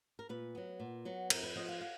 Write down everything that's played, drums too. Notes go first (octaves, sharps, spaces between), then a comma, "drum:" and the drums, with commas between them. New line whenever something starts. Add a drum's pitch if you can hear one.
A#4
A#2 B4
F#3 B3
A#2
F#3 B3
F2 A#4, drum: cymbal
B4
F3 B3 D#5
F5
F5